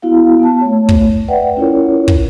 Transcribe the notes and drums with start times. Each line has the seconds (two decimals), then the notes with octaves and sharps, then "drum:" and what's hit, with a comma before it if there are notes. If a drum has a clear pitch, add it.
0.02 B3 E4 F#4 F5
0.39 B3 A5
0.61 A3 C#5
0.89 drum: kick
1.28 B4 D5 E5 F#5 G5
1.57 C#4 E4 F4 A#4 C#5
2.08 drum: kick